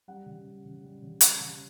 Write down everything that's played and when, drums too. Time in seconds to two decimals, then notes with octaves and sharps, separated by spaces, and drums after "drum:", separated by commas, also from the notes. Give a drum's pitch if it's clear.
0.08 G3 F#5
0.26 C#3
0.45 G3
0.65 C#3
0.83 G3
1.02 C#3
1.21 G3, drum: hi-hat
1.40 C#3